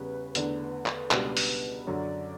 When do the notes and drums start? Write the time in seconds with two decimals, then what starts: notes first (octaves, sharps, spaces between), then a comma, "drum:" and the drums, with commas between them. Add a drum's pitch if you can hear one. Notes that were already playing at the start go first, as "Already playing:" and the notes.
Already playing: E2 C#3 G3 C#4 B4
0.35 E2 D3 A3 D4, drum: hi-hat
0.86 drum: clap
1.11 C#2 B2 G3 D4 F#4, drum: clap
1.37 drum: open hi-hat
1.87 F#2 D3 F#3 C#4 D5